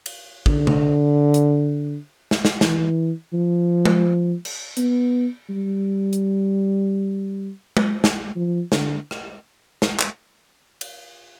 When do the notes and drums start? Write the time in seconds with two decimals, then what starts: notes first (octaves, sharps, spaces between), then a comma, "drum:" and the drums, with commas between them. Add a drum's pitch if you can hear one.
0.06 drum: cymbal
0.46 D3, drum: kick
0.67 drum: tom C3
1.34 drum: hi-hat
2.31 drum: snare
2.45 drum: snare
2.61 E3, drum: snare
3.33 F3
3.85 drum: tom G#3
4.45 drum: cymbal
4.77 B3, drum: hi-hat
5.49 G3
6.13 drum: hi-hat
7.77 drum: tom G#3
8.04 drum: snare
8.36 F3
8.72 D3, drum: snare
9.11 drum: rim click
9.82 drum: snare
9.99 drum: clap
10.81 drum: cymbal